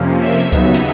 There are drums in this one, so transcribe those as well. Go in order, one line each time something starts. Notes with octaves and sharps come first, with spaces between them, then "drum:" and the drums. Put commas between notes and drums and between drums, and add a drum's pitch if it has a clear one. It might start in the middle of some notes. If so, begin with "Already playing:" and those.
Already playing: F2 C3 F3 A#3 C#4
E5
D#2 C#3 F#3 B3 D#4 E5, drum: kick C#2, hi-hat
drum: hi-hat